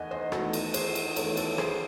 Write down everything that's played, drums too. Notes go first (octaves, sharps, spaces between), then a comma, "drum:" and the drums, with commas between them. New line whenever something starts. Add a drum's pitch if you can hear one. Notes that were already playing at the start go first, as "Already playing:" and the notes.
Already playing: E2 D#3 A3 D#5 F#5 G#5
C5 D#5
E2 D#3 A3 F#4 A4, drum: rim click
drum: cymbal
G#4 C5, drum: cymbal
drum: cymbal
E2 D#3 A3 A4 C#5, drum: cymbal
A4 C#5, drum: cymbal
G#4 C5, drum: rim click